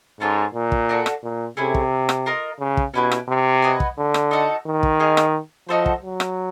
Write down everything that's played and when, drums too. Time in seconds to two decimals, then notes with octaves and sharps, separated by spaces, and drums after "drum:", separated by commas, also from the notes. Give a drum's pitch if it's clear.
0.20 G#2 C#4 F4 A4 C#5
0.54 A#2
0.72 drum: kick
0.89 D4 F#4 A4
1.06 drum: rim click
1.23 A#2
1.57 C3 A3 C#4 E4 G#4
1.74 drum: kick
2.09 drum: rim click
2.26 F4 A#4 D#5
2.60 C#3
2.77 drum: kick
2.94 B2 C#4 E4 G4 B4
3.12 drum: rim click
3.28 C3
3.62 F#4 B4 D#5 G#5
3.80 drum: kick
3.98 D3
4.14 drum: rim click
4.31 D#4 F#4 A4
4.66 D#3
4.83 drum: kick
5.00 D#4 G#4 C#5 F5
5.17 drum: rim click
5.68 F3 D#4 F#4 A4 C5
5.86 drum: kick
6.03 F#3
6.20 drum: rim click